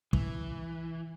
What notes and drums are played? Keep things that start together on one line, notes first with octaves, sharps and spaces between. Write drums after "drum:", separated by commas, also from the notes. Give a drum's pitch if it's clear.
E3, drum: kick